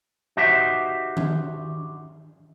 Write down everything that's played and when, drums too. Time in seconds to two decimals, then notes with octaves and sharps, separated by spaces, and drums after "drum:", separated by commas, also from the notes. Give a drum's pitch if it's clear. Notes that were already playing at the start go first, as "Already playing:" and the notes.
0.37 D#4 F#4 G4 C5 E5
1.17 drum: tom D#3